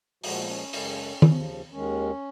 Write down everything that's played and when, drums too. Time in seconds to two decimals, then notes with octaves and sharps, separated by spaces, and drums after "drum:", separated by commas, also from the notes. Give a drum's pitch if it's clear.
0.24 A#2 F3 G#3 F#4, drum: open hi-hat
0.42 B3
0.48 C#4
0.73 F#2 C#3 G#3, drum: open hi-hat
1.22 D#2 C#3 F3, drum: tom D#3
1.72 D#2 D#3 G#3 C#4